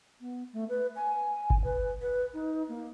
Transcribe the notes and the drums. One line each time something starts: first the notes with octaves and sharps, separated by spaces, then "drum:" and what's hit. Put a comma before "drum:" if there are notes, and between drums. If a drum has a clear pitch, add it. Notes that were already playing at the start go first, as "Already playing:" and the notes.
B3
A3
B4
G#5
drum: kick G1
B4
B4
D#4
A#3